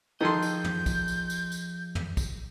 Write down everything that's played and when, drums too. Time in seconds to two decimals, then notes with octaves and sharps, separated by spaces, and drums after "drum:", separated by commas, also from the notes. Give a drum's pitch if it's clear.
0.21 D#3 F3 G#4 A4 D#5 C6 G6
0.42 drum: tambourine
0.64 drum: tom
0.86 drum: kick, tambourine
1.08 drum: tambourine
1.30 drum: tambourine
1.52 drum: tambourine
1.95 drum: tom
2.17 drum: kick, tambourine